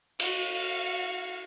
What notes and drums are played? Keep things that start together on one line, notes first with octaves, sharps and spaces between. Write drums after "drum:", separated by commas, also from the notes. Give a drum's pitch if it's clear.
F#4 F5, drum: cymbal